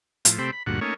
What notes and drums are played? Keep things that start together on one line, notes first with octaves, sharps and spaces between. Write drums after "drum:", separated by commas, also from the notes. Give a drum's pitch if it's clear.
A2 F3, drum: hi-hat
C3 A3 C4 G4 C5 B5
B5
D2 G2 A#2 F#4 F#5
A3 A#3 C#4 D#4 C#5